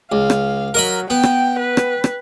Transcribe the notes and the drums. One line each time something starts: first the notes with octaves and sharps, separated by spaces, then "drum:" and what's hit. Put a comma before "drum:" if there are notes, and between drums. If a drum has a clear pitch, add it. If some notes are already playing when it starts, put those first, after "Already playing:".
C#2 F5
drum: rim click
F#3 A#4 D#5 B5
B3 G5
drum: rim click
B4
drum: rim click
drum: rim click